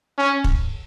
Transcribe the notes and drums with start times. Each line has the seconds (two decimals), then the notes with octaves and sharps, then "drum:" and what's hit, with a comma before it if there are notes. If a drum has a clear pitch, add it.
0.18 C#4
0.44 drum: kick